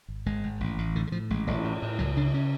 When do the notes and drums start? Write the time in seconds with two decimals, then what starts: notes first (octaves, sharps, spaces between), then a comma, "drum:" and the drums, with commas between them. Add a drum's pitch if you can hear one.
0.08 G#1
0.26 G#1 G#3
0.44 G#1
0.60 A1
0.78 A1
0.96 A2 D3
1.07 D3
1.12 A2 F3
1.30 A1 G#3
1.47 A1, drum: cymbal
1.64 A2
1.82 A2
1.99 C#2 F#3
2.16 C#3 D4
2.34 C#4